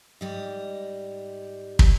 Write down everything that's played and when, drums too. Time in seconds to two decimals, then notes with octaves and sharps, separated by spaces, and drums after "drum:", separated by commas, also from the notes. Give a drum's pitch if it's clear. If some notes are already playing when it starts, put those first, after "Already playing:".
0.21 G#2 G3 D#5
1.79 drum: kick